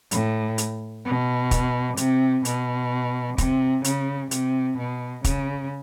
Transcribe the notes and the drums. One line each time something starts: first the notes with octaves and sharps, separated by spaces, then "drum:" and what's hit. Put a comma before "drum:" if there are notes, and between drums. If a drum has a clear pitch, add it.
A2, drum: hi-hat
drum: hi-hat
B2
drum: kick, hi-hat
C3, drum: hi-hat
B2, drum: hi-hat
C3, drum: kick, hi-hat
C#3, drum: hi-hat
C3, drum: hi-hat
B2
C#3, drum: kick, hi-hat